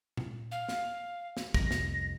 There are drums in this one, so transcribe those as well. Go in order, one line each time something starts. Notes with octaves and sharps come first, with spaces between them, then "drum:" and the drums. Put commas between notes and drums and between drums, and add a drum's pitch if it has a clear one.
drum: tom A#2
F5
drum: snare
drum: snare
C2 F2 A#6, drum: kick
drum: snare